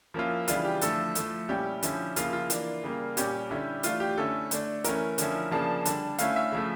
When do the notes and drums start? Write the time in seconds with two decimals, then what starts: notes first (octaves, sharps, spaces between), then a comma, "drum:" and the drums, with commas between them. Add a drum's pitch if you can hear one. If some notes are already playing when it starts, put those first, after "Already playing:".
0.14 F3 A#3 C#4 E4 F4
0.48 C#3 E3 G3 D4 F4, drum: hi-hat
0.65 G4
0.82 D3 F3 A3 E4 A4, drum: hi-hat
1.15 F3 A3 E4, drum: hi-hat
1.49 A#2 G3 C#4 E4 G4
1.83 D3 F3 C#4 E4, drum: hi-hat
2.16 C#3 F3 A#3 E4 F4, drum: hi-hat
2.33 F4
2.50 E3 A#3 D4, drum: hi-hat
2.84 C#3 G3 A#3
3.17 A#2 G3 C#4 G4, drum: hi-hat
3.50 D3 G3 C#4 E4
3.83 E3 A3 D4 F4, drum: hi-hat
4.00 G4
4.17 D3 A3 C#4 E4 A4
4.51 D3 A3 D4, drum: hi-hat
4.84 E3 A3 C#4 A#4, drum: hi-hat
5.18 D3 F3 C#4 E4, drum: hi-hat
5.51 C#3 F3 A#3 D4 A5
5.86 D3 G3 D4, drum: hi-hat
6.19 D3 A3 C#4 E4 F5, drum: hi-hat
6.36 E5
6.52 C#3 F3 A3